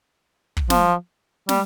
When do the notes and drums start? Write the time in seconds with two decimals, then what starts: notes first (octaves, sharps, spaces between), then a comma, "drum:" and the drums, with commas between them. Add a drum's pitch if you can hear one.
0.57 drum: kick
0.70 F3, drum: snare
1.49 G3, drum: snare